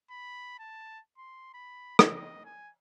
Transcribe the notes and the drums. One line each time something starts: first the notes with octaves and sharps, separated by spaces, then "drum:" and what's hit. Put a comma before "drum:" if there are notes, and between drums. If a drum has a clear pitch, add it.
B5
A5
C6
B5
D#5, drum: rim click
G#5